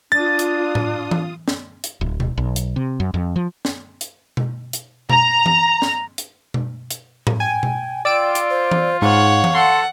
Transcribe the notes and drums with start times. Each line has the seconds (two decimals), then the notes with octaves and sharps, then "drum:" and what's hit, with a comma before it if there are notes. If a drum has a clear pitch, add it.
0.12 D4 F4 D#6 A6
0.39 drum: hi-hat
0.75 drum: tom A2
1.11 drum: tom E3
1.48 drum: snare
1.84 drum: hi-hat
2.01 D1
2.20 drum: tom B2
2.38 B1
2.56 drum: hi-hat
2.76 C3
3.00 F#2
3.14 F2
3.36 F3
3.65 drum: snare
4.01 drum: hi-hat
4.37 drum: tom B2
4.73 drum: hi-hat
5.10 A#5, drum: tom B2
5.46 drum: tom E3
5.82 drum: snare
6.18 drum: hi-hat
6.54 drum: tom B2
6.91 drum: hi-hat
7.27 drum: tom A2
7.40 G5 G#5
7.63 drum: tom B2
8.05 F4 D5 G5 E6 D7
8.35 drum: hi-hat
8.50 C5
8.71 drum: tom E3
9.02 G#2 C#5 F5 F#5
9.44 drum: tom E3
9.55 A4 F#5 C6